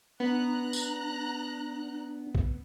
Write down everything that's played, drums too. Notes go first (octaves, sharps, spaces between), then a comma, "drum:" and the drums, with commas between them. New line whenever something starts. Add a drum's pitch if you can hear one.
B3 D4 A#5 F#6
drum: tambourine
drum: kick